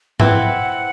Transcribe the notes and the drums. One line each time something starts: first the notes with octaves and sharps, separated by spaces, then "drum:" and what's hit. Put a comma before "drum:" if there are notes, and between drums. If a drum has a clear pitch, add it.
C4 E4 B4 F#5, drum: tom G#2